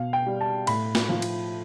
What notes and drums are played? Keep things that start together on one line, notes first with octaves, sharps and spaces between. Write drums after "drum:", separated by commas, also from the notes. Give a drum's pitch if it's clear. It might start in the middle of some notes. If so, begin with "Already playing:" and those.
Already playing: B2 F5
G5
G3
A5
A2 B5, drum: cymbal
drum: snare
F3
drum: cymbal